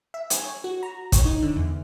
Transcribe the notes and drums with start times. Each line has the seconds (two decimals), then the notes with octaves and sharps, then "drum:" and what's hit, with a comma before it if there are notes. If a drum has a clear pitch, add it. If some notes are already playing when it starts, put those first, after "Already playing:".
0.14 E5
0.30 G#5, drum: hi-hat
0.45 C#5
0.64 F#4
0.83 A#5
1.12 C#5, drum: kick, hi-hat
1.25 D#4
1.42 D3
1.56 E2